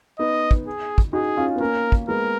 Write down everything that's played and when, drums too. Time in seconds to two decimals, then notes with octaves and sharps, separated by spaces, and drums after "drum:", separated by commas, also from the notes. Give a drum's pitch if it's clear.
0.19 B3 D#4 D#5
0.51 drum: kick
0.67 G#4
0.98 drum: kick
1.13 D#4 F#4 G#4
1.37 C#4 F4
1.56 B3
1.60 A#3 C#4 A#4
1.92 drum: kick
2.08 G#3 B3 A#4